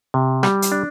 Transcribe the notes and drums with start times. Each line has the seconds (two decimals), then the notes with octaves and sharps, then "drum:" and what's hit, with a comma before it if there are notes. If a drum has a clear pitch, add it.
0.14 C3
0.43 G3, drum: rim click
0.62 drum: hi-hat
0.72 D4